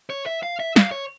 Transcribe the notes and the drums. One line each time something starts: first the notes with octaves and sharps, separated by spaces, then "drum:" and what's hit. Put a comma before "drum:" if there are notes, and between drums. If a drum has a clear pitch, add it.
C#5
E5
F5
E5
F5, drum: snare
C#5